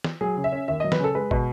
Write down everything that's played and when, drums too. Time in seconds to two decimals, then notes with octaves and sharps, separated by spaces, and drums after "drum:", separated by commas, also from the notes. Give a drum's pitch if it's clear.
0.04 drum: snare
0.21 F#3 G#4
0.36 C#3
0.44 E5
0.52 C#4
0.68 D#2 E5
0.80 F#3 D#5
0.92 B4, drum: snare
0.99 C#3 A4
1.15 G#3 B4
1.31 B2, drum: kick